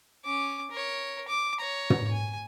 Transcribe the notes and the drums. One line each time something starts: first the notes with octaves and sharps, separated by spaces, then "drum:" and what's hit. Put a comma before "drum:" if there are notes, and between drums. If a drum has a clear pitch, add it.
C#4 D6
A#4 C#5
D6
C#5 A#5
drum: tom
G#5